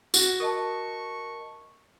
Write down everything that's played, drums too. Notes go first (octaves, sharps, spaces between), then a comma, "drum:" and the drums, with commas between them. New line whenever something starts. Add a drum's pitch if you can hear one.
F#4, drum: tambourine
A#4 D#5 A5 C#6